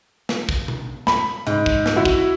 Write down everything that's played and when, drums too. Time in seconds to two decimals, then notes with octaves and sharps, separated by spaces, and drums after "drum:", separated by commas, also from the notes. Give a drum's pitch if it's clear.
0.29 drum: snare
0.49 drum: kick
0.68 drum: tom B2
1.07 B5, drum: snare
1.47 G#2, drum: hi-hat
1.66 drum: kick
1.86 drum: snare
1.96 E4 F#4
2.05 drum: kick